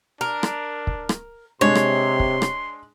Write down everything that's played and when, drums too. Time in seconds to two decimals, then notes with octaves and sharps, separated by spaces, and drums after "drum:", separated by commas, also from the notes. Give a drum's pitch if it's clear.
0.21 D4 A#4
0.43 drum: rim click
0.87 drum: kick
1.09 drum: rim click
1.61 C3 G#3 D4 C#5 C6
1.75 drum: rim click
2.20 drum: kick
2.42 drum: rim click